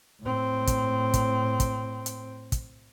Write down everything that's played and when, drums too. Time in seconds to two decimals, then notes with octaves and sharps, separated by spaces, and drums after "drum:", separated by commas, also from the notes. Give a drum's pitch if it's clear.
0.21 A2 C4
0.67 drum: kick, hi-hat
1.14 drum: kick, hi-hat
1.60 drum: kick, hi-hat
2.06 drum: hi-hat
2.52 drum: kick, hi-hat